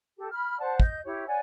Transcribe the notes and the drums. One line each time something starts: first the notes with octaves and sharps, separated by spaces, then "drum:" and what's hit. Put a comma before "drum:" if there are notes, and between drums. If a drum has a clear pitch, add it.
G4 A4
B5 F6
C5 D5 F#5 A5
D#5 G6, drum: kick
E4 G4 C#5
C#5 D5 F#5 G#5